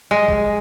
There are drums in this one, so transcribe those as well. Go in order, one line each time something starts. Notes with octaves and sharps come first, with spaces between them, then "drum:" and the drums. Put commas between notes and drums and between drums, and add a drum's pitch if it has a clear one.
G#3
drum: kick B1